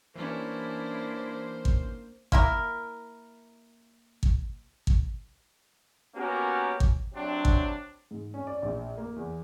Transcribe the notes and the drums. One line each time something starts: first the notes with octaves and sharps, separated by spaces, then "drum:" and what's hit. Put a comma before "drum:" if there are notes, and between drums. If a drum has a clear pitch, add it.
E3 G3 A#3 C#4 D4 E4 C5
drum: kick
A#3 E4 A#4, drum: kick
drum: kick
drum: kick
A#3 B3 C#4 F#4 G4 A#4
drum: kick
C3 F#3 C4 D4
drum: kick
G#2
C#4
D5
A#1
A#3
E2